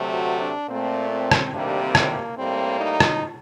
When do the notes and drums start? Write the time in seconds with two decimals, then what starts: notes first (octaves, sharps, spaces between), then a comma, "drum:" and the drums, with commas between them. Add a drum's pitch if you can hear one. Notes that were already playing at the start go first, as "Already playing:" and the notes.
Already playing: D2 C3 F#3 A3
0.11 F#4
0.40 D4
0.68 A#2 A3 C4
1.10 C4
1.31 drum: rim click
1.52 D2 C3 D#3 G3 A#3 D4
1.81 C4
1.95 drum: rim click
2.09 A#3
2.36 A2 G3 A#3 C4
2.79 D#4
3.00 drum: rim click